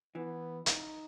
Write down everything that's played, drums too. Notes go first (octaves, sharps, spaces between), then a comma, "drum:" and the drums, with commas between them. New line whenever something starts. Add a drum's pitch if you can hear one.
E3 B3
D#4, drum: hi-hat